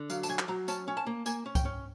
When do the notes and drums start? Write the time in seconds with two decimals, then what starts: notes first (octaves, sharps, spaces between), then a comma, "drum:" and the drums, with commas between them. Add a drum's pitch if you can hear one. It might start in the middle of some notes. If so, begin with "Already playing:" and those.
Already playing: D3
0.10 F#3 F5, drum: tambourine
0.23 A5, drum: tambourine
0.29 F#3 G#5
0.39 drum: clap
0.48 F#3 A#5
0.68 C#4 A5, drum: tambourine
0.88 C#4
0.97 A5
1.06 A#3
1.26 A#3 G#5, drum: tambourine
1.46 C#4
1.55 G5, drum: kick C2, tambourine
1.65 C#4